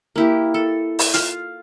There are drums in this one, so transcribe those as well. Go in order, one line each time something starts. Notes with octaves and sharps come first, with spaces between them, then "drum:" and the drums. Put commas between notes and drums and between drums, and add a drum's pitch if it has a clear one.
A#3 E4 G4
A4
drum: open hi-hat
F4 F5, drum: hi-hat